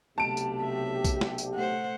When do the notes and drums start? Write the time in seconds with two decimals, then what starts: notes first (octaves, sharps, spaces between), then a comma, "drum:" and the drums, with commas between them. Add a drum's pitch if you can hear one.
0.18 B1 C3 A3 G4 A5 D7
0.37 drum: tambourine
0.63 E5
1.04 drum: kick B1, tambourine
1.21 drum: snare
1.38 drum: tambourine
1.55 A3 C5 F#5